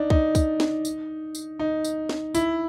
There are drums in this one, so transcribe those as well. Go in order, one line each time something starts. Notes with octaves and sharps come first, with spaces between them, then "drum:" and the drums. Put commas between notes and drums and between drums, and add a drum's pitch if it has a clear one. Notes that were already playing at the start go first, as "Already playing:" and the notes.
Already playing: D4 D#4
D#4, drum: kick
drum: kick, tambourine
drum: snare
drum: tambourine
drum: tambourine
D#4
drum: tambourine
drum: snare
E4, drum: tambourine